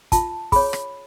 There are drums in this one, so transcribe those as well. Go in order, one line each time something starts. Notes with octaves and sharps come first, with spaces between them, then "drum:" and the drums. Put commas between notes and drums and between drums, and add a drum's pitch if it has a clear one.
F4 A5, drum: kick, hi-hat
G#4 C#5 B5, drum: kick, open hi-hat
drum: rim click